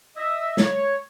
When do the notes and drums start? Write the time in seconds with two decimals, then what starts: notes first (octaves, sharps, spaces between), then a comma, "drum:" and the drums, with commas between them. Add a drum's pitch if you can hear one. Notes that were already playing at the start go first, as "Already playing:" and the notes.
0.17 D#5 E5
0.57 C#5, drum: snare